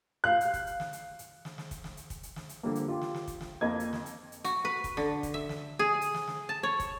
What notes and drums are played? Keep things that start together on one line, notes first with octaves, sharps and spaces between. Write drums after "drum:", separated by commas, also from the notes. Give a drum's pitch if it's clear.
F5 F#6
drum: hi-hat
drum: kick, hi-hat
drum: hi-hat
drum: snare
drum: hi-hat
drum: hi-hat
drum: snare
drum: snare
drum: kick, hi-hat
drum: snare
drum: hi-hat
drum: kick, hi-hat
drum: hi-hat
drum: snare
drum: hi-hat
D3 F3 G3 A#3
drum: hi-hat
F4 G4
drum: snare
drum: snare
drum: kick, hi-hat
drum: snare
F2 A#3 D#5 G#6
drum: hi-hat
drum: snare
drum: hi-hat
drum: hi-hat
F#4, drum: hi-hat
B4
drum: kick, hi-hat
D3, drum: snare
drum: kick, hi-hat
E5
drum: snare
G#4
drum: hi-hat
drum: snare
drum: snare
A5
C#5
drum: kick, hi-hat